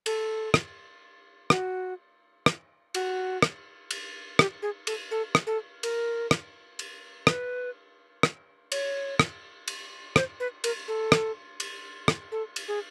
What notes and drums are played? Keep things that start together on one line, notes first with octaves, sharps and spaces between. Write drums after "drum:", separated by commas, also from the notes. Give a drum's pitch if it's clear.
A4, drum: cymbal
drum: rim click
F#4, drum: rim click
drum: rim click
F#4, drum: cymbal
drum: rim click
drum: cymbal
G4, drum: rim click
G#4
A4, drum: cymbal
A4
drum: rim click
A4
A#4, drum: cymbal
drum: rim click
drum: cymbal
B4, drum: rim click
drum: rim click
C#5, drum: cymbal
drum: rim click
drum: cymbal
C5, drum: rim click
B4
A#4, drum: cymbal
A4
drum: rim click
drum: cymbal
drum: rim click
A4
drum: cymbal
G#4